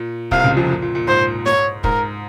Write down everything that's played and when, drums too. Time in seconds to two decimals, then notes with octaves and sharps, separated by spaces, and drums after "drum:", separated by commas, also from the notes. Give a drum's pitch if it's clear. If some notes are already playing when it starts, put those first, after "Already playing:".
Already playing: A#2
0.31 C2 C3 F5, drum: kick
0.44 C#2 C#3
0.57 F2 F3
0.70 A#2
0.82 A#2
0.95 A#2
1.07 G#2 C5
1.46 C#5, drum: snare
1.84 G#2 A#4, drum: kick